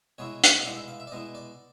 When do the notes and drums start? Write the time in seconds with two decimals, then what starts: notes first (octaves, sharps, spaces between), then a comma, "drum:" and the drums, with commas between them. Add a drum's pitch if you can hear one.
0.18 B2 G#3 B3 E4 C#5
0.44 drum: hi-hat
0.58 D#5
0.65 B2 G#3 B3 E4 D5
0.76 E5
0.88 F5
1.00 E5
1.07 D5
1.12 B2 G#3 B3 E4 D#5
1.35 D5